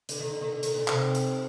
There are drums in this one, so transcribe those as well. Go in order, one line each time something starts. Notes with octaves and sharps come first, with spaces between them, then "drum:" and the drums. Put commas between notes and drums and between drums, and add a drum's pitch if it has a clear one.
D3, drum: hi-hat
D#3
D3
D#3
D3
D#3, drum: hi-hat
A#2 D3
C3 D#3, drum: clap
drum: hi-hat